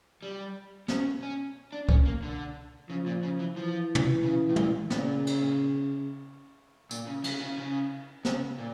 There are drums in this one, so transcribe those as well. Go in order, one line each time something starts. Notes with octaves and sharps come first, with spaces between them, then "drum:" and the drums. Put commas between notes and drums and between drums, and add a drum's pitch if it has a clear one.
G3
C#4, drum: snare
C#4
D4
C#4, drum: kick C2
A#3
D3
C#3 F3
A#2
C#3
E3
E3 F3
drum: tom
C#3
A2
A#2, drum: tom
A#2 C#3, drum: snare
drum: cymbal
A#2, drum: tambourine
C#3
C#3, drum: cymbal
C#3
C#3
C#3, drum: snare
A#2